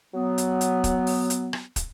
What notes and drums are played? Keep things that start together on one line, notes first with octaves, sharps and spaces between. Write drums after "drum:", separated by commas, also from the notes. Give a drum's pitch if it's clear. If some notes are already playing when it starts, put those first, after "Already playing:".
F#3 B3
drum: hi-hat
drum: hi-hat
drum: kick, hi-hat
drum: open hi-hat
drum: hi-hat
drum: rim click
drum: kick, hi-hat